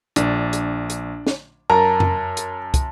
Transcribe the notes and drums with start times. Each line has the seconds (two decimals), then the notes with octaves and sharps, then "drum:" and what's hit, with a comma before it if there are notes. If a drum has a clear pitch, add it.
0.16 A#1 D4, drum: hi-hat
0.53 drum: hi-hat
0.90 drum: hi-hat
1.27 drum: snare
1.70 F#2 A#4 A5 A#5
2.00 drum: tom F2
2.37 drum: hi-hat
2.74 drum: kick, hi-hat